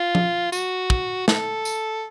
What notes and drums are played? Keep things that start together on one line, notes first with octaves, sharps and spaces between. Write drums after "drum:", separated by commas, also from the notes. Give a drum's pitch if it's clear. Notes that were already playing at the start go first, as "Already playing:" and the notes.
Already playing: F4
drum: tom F3
F#4, drum: tambourine
drum: kick
A4, drum: snare
drum: tambourine